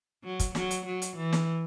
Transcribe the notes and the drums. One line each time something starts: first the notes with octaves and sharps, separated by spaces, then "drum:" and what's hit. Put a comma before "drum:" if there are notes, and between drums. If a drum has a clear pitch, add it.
F#3
drum: kick, hi-hat
F#3, drum: snare
drum: hi-hat
F#3
drum: hi-hat
E3
drum: snare